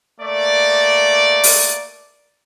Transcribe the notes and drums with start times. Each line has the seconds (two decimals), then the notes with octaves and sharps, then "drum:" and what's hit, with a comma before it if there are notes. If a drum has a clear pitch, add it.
0.20 A3 A#3 D5
1.44 drum: open hi-hat